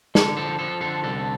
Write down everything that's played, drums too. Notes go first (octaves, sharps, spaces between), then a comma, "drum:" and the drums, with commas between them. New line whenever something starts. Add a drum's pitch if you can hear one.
D3 A4, drum: snare
F3 A4
F3 A4
D3 A4
C2 A4